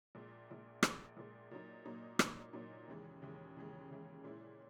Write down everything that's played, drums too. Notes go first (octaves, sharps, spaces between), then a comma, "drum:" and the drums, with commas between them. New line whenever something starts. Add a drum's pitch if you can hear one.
A#1 A#2 G#3
A#1 A#2 G#3
A#1 A#2 G#3, drum: rim click
A#1 A#2 G#3
A#2 F#3 A#3 D#4
A#2 F#3 A#3 D#4
A#2 F#3 A#3 D#4, drum: rim click
A#2 F#3 A#3 D#4
D#2 C#3 E3 G#3
D#2 C#3 E3 G#3
D#2 C#3 E3 G#3
D#2 C#3 E3 G#3
A#2 G#3 C#4 E4